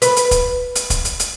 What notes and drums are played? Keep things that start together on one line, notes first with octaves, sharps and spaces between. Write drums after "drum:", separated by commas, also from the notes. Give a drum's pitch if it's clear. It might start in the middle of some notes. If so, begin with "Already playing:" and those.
B4, drum: hi-hat
drum: hi-hat
drum: kick, hi-hat
drum: hi-hat
drum: kick, hi-hat
drum: hi-hat
drum: hi-hat